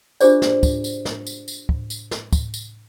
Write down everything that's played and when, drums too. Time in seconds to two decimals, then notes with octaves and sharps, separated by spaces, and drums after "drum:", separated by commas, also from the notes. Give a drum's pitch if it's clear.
0.21 D4 F4 G4 G#4 C5 D5, drum: tambourine
0.42 drum: snare
0.63 drum: kick, tambourine
0.84 drum: tambourine
1.05 drum: snare
1.27 drum: tambourine
1.48 drum: tambourine
1.69 drum: kick
1.90 drum: tambourine
2.11 drum: snare
2.33 drum: kick, tambourine
2.54 drum: tambourine